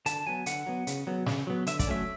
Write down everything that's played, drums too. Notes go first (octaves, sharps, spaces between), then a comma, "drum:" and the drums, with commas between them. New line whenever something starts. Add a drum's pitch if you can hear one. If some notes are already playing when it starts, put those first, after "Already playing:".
D3 A5, drum: hi-hat
F#3 B3 G#5
D3 F#5, drum: hi-hat
F#3 B3
C#3, drum: hi-hat
F#3 B3
C#3, drum: snare
F#3 B3
D3 E5, drum: hi-hat
D5, drum: kick, hi-hat
F#3 A3 C#4 E5